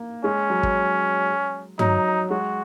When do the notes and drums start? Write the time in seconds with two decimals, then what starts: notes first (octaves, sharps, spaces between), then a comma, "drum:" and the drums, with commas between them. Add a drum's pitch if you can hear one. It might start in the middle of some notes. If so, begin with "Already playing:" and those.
Already playing: A#3
0.24 G#3 C#4
0.50 F#3
0.63 drum: kick
1.79 F#3 D#4, drum: tom G2
2.30 G#3 F#4